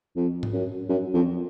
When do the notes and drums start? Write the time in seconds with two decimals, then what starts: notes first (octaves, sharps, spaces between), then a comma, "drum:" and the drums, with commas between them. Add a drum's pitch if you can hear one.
0.16 F2
0.43 drum: tom G#2
0.53 F#2
0.89 F#2
1.14 F2